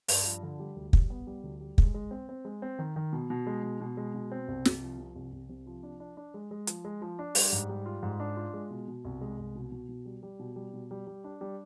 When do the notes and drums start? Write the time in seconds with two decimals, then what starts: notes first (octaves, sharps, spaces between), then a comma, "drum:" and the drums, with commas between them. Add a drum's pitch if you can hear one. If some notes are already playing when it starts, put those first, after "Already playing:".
0.08 G2, drum: open hi-hat
0.25 F3
0.43 D3
0.59 G3
0.76 D2
0.93 G3, drum: kick
1.10 B3
1.27 G3
1.44 D2
1.60 G3
1.78 G#3, drum: kick
1.94 G#3
2.11 C4
2.29 C4
2.45 G#3
2.62 C4
2.79 D#3
2.96 D#3
3.13 B2
3.30 B2
3.47 G#3
3.63 B2
3.80 B2
3.97 G#3
4.14 B2
4.32 C4
4.48 C2
4.65 C2, drum: snare
4.82 F3
4.99 C3
5.16 C2
5.32 C2
5.49 C3
5.67 F3
5.83 D4
6.00 D4
6.17 D4
6.34 G#3
6.51 G#3
6.67 F3, drum: hi-hat
6.85 G#3
7.02 F3
7.19 D4
7.35 G3, drum: open hi-hat
7.52 G#2
7.69 G3
7.86 F4
8.03 G#2
8.20 D4
8.37 F4
8.54 G#3
8.70 B2
8.88 B2
9.05 C2
9.21 G#3
9.38 C2
9.55 B2
9.72 B2
9.89 B2
10.05 G3
10.23 G3
10.39 B2
10.56 G3
10.73 B2
10.91 G3
11.07 G3
11.24 D4
11.41 G3